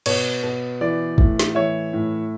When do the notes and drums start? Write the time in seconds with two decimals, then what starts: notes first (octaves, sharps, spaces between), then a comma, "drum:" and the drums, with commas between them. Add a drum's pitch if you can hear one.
0.06 B2 C#5, drum: cymbal
0.43 B2
0.81 E3 D5
1.18 A2, drum: kick
1.39 drum: snare
1.55 E3 C#5 E5
1.93 A2